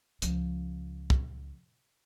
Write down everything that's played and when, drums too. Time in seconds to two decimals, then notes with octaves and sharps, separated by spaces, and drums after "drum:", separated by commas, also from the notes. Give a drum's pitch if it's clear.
0.22 C#2 F3, drum: hi-hat
1.10 drum: kick